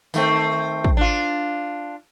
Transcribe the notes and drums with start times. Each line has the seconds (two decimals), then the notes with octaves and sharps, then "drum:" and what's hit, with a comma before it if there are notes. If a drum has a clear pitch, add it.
0.14 D#3 A3 C4, drum: tambourine
0.84 drum: kick
0.97 D4 F4